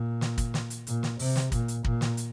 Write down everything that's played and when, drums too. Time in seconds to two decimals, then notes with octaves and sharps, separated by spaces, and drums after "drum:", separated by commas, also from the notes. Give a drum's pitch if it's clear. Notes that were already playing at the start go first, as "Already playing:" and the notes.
Already playing: A#2
0.21 drum: snare
0.38 drum: kick, hi-hat
0.54 drum: snare
0.70 drum: hi-hat
0.87 A#2, drum: hi-hat
1.03 drum: snare
1.19 C3, drum: open hi-hat
1.36 drum: snare
1.52 A#2, drum: kick, hi-hat
1.68 drum: hi-hat
1.84 A#2, drum: kick
2.01 drum: snare
2.17 drum: hi-hat